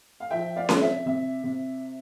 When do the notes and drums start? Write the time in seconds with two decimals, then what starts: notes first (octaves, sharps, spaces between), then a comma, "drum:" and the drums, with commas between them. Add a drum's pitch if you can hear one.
0.20 F5
0.31 F3 E5 G5
0.56 D5 F5
0.69 C3, drum: snare C#4
0.81 E5
1.06 C3 E5
1.44 C3